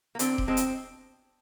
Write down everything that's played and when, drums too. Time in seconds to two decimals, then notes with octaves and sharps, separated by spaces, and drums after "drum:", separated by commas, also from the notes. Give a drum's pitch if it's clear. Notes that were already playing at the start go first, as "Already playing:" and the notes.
0.15 A#3
0.19 D3 C4, drum: hi-hat
0.38 drum: kick D#1
0.47 F3 G#3 C4
0.57 drum: hi-hat